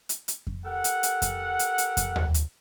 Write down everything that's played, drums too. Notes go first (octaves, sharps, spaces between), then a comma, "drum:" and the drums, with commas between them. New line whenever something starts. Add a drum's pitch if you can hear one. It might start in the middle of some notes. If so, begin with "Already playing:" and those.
drum: hi-hat
drum: hi-hat
drum: kick F2
G4 A4 A#4 F#5
drum: hi-hat
drum: hi-hat
drum: kick F2, hi-hat
drum: hi-hat
drum: hi-hat
drum: kick F2, hi-hat
drum: tom D#2
drum: hi-hat